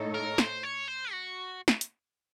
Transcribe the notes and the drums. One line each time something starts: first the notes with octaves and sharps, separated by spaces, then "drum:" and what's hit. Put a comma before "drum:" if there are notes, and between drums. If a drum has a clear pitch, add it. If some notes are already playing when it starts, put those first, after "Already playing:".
Already playing: A2 A3 D#4 A4 C#5
A#4
C5, drum: snare
C#5
C5
F#4
drum: snare
drum: hi-hat